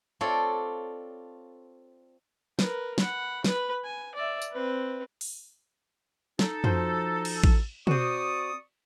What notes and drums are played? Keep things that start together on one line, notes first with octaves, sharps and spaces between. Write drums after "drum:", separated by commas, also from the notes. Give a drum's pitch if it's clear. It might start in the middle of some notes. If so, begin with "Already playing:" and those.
C4 F4 A4 C#5 D5
A#4 B4, drum: snare
F#5 B5, drum: snare
B4 B5, drum: snare
G#5
D5 E5
drum: tambourine
C4 B4
drum: open hi-hat
D#4 A4, drum: snare
F3 F#4 C5, drum: tom F2
drum: cymbal
drum: kick A1
C4 F#4 D5 C#6 D#6, drum: tom